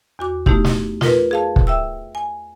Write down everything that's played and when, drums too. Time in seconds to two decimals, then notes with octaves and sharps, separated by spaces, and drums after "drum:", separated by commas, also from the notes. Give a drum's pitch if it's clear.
0.19 E2 F#4 D6
0.46 A3 B3 D#4 E4 G4, drum: kick
0.64 drum: snare
1.01 F4 A#4 B4, drum: snare
1.31 G#4 F5 A5
1.56 drum: kick
1.67 E5 G5 E6
2.15 G#5